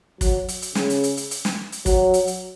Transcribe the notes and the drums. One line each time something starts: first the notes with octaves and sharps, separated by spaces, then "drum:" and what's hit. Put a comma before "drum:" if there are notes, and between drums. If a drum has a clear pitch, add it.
F#3, drum: kick, hi-hat
drum: hi-hat
drum: hi-hat
C#3, drum: snare
drum: hi-hat
drum: hi-hat
drum: hi-hat
drum: hi-hat
drum: snare
drum: hi-hat
F#3, drum: kick, hi-hat
drum: hi-hat
drum: hi-hat